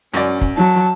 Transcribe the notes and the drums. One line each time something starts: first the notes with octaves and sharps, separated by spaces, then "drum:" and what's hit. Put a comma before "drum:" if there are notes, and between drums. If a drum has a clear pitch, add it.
F#2 C#4 D5, drum: hi-hat
drum: kick
F#3 A5